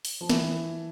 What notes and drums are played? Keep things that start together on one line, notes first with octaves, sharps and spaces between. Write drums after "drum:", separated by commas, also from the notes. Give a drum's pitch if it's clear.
drum: open hi-hat
F3
E3, drum: snare